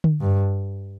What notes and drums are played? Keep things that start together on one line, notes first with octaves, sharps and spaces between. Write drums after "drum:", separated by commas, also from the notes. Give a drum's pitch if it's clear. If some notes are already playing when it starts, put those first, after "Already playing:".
drum: tom D3
G2